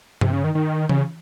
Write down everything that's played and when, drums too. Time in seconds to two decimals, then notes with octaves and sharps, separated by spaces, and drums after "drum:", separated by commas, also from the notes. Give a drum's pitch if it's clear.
0.21 C3, drum: tom G2
0.33 C#3
0.44 D#3
0.55 D#3
0.89 C#3, drum: tom E3